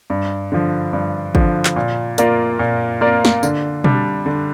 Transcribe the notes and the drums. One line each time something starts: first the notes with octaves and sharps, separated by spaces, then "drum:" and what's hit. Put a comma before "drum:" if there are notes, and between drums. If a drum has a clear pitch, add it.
G2
D3 F3
G2
D3 F3, drum: kick
drum: clap
A#2
A#3 F4 A#4 D5, drum: hi-hat
A#2
A#3 F4 A#4 D5
drum: snare
D3, drum: tambourine
G3 D4, drum: tom B2
D3